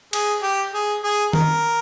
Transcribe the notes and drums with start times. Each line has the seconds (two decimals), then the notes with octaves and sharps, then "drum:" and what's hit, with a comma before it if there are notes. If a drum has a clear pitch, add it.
0.13 G#4, drum: cymbal
0.43 G4
0.74 G#4
1.03 G#4
1.33 A#4, drum: tom D#3